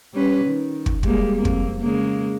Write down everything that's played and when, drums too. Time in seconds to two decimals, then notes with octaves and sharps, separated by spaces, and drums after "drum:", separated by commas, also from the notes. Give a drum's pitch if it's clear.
0.14 G3 C#4 B4
0.45 D#3
0.86 drum: kick
1.03 G3 G#3 A#3, drum: kick
1.35 F2 A#3
1.45 drum: kick
1.80 C#3 G#3 A#3